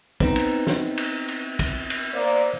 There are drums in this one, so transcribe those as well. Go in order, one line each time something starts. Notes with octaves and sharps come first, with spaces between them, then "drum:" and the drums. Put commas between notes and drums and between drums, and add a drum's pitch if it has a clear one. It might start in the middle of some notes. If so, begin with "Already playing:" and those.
B3 C4 D#4, drum: kick
drum: cymbal
drum: snare
drum: cymbal
drum: cymbal
drum: kick, cymbal
drum: cymbal
A#3 C5 D5